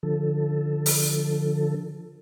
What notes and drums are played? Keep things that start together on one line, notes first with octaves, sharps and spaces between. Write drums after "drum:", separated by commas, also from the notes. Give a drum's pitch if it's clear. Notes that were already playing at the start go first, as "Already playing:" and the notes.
D3 F3 A4
drum: open hi-hat